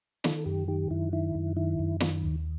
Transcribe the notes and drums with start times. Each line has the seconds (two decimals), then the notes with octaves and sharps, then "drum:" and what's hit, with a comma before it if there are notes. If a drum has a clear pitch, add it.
0.24 D#3 A4, drum: snare
0.46 F#2 G4
0.68 D#3 G4
0.91 F#2 E4
1.13 D#3 E4
1.35 F#2
1.56 D#3 E4
1.79 F#2
2.00 D#3, drum: snare
2.23 D#2